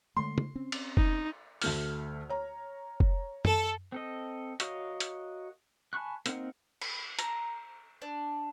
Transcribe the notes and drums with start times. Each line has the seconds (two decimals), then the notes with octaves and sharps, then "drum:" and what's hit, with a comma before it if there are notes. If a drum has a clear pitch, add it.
0.17 D3 G#3 A3 C6
0.38 drum: tom
0.55 C4 C#4
0.72 drum: cymbal
0.97 D#4, drum: kick F1
1.62 D2 A3 F6, drum: open hi-hat
2.29 C#5 A#5
3.00 drum: kick F1
3.45 A4, drum: tom
3.92 C4 A4 D#5
4.60 F#4 A#4 C#5 D#5 F5, drum: hi-hat
5.00 drum: hi-hat
5.93 G#5 A5 B5 C#6 F#6
6.26 A#3 C4 D#4 A#4 F#5, drum: hi-hat
6.81 B5, drum: cymbal
7.19 A#5, drum: hi-hat
8.02 D4